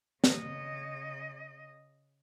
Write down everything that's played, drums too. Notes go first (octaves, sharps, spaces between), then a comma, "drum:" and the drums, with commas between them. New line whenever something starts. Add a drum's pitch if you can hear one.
C#3 D#5, drum: snare